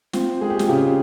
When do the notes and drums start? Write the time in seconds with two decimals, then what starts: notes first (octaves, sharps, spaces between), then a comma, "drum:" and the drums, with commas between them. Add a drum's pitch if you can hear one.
0.13 C4 F4, drum: snare
0.41 G#3 G#4
0.50 G4
0.59 F4, drum: snare
0.69 C#3 G4